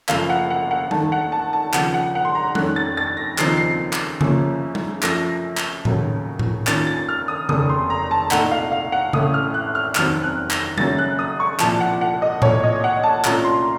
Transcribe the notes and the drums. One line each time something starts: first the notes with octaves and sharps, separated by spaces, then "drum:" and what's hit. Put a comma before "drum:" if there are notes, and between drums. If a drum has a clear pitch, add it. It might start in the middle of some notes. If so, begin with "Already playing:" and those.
F#1 F#2 F3 A3 F5, drum: clap
F#5
F#5
F#5
D#2 D#3 A3 A5, drum: tom G3
F#5
A5
A5
D#2 C#3 F3 F#5, drum: clap
F#5
F#5
C6
A#5
F2 D#3 A3 C#4 F#6, drum: tom G3
A6
A6
A#6
D#2 C#3 F3 C4 D#4 C7, drum: clap
C7
drum: clap
F#2 C#3 F3 A#3 C#4, drum: tom C#3
drum: tom G3
F#2 F3 A3 A#6, drum: clap
drum: clap
D#2 C#3 F#3 A3 C#4, drum: tom A2
drum: tom A2
D#2 D#3 A#3 C#4 F4 A6, drum: clap
A6
F6
D#6
F1 D#2 C#3 A3 D#6, drum: tom C#3
C6
A#5
A5
C2 A#2 A3 D#4 F#5, drum: clap
F5
F5
F#5
A1 A2 A3 C#4 D#6, drum: tom C#3
F6
F#6
F6
F1 D#2 D#3 F#3 C4 F6, drum: clap
F#6
A#6, drum: clap
F#2 C#3 F#3 A#3 C#4 A6, drum: tom G3
F#6
D#6
C#6
C2 A#2 F3 A5, drum: clap
F#5
F#5
D#5
C2 A#2 A3 C#5, drum: tom A2
D#5
F#5
A5
C2 A#2 A3 C#4 F4 A#5, drum: clap
C6